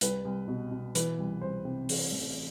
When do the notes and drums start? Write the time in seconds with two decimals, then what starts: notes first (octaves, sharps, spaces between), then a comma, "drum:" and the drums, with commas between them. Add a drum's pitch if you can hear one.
0.01 C2 B4, drum: hi-hat
0.25 C2
0.48 B2
0.71 B2
0.95 E3 B4, drum: hi-hat
1.18 C2
1.41 C2 C5
1.65 C3
1.89 E3, drum: open hi-hat
2.12 A1